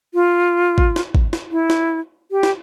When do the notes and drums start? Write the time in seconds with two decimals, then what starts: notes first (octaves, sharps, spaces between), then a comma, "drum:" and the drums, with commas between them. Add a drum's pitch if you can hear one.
0.14 F4
0.78 drum: kick
0.96 drum: snare
1.15 drum: kick
1.33 drum: snare
1.51 E4
1.70 drum: snare
2.31 G4
2.43 drum: snare